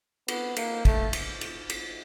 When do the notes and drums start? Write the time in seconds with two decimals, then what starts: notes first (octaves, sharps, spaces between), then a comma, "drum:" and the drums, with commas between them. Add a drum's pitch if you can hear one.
0.28 B3, drum: cymbal
0.56 A#3, drum: cymbal
0.85 A3, drum: kick, cymbal
1.13 drum: cymbal
1.41 drum: cymbal
1.70 drum: cymbal